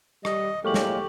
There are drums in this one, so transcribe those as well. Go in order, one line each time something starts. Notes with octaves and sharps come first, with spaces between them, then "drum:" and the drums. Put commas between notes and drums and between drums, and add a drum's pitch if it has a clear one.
G3 D#5, drum: rim click
A2 F#3 G#3 A#3 G4 A4 C#6 F#7
drum: snare